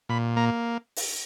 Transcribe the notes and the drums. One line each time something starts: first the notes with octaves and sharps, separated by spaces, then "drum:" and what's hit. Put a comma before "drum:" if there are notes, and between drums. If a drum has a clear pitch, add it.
A#2 B5
A#3 A#5
drum: open hi-hat